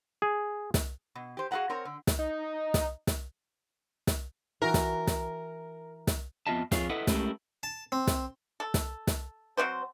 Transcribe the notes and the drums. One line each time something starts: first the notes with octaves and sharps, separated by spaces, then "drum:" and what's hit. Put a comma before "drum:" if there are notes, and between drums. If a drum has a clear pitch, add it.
G#4
drum: snare
B2
G4 C5
F#4 G#4 A4 F5 F#5 A#5
C4 A#4 C#5 A#5
D3
drum: snare
D#4
drum: snare
drum: snare
drum: snare
E3 F#4 A#4
drum: snare
drum: snare
drum: snare
F2 B3 F4 D#5 E5 A5
F2 F4 G#4 C#5, drum: snare
E4 A4 B4 D#5 E5 F#5
G#3 A3 C#4 E4 G4 A#4, drum: snare
A5
C4
drum: snare
A4
drum: snare
drum: snare
F#3 B3 C4 C5